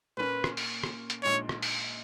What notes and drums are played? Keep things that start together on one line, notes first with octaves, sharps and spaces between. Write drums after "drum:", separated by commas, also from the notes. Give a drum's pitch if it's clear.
A#2 A#3 C#4 B4
drum: rim click
drum: open hi-hat
drum: rim click
drum: hi-hat
A#1 A#2 G#3 D#4 C#5
drum: rim click
drum: open hi-hat